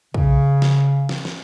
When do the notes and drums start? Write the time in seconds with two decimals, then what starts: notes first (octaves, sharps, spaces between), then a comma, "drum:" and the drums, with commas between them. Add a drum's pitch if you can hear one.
0.14 C#3, drum: kick
0.62 drum: snare
1.09 drum: snare
1.25 drum: snare